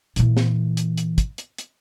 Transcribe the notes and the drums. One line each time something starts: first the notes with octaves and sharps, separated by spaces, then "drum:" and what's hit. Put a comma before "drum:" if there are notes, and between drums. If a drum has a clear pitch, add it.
A#2 E3, drum: hi-hat
drum: snare
drum: hi-hat
drum: hi-hat
drum: kick, hi-hat
drum: hi-hat
drum: hi-hat